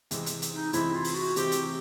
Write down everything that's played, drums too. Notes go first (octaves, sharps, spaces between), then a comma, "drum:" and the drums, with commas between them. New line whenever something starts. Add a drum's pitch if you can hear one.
C3 E3 G#3 C4, drum: hi-hat
drum: hi-hat
drum: hi-hat
D#4
C3 E3 G#3 C4 E4, drum: hi-hat
F4
drum: open hi-hat
F#4
C3 E3 G#3 C4 G4, drum: hi-hat
drum: hi-hat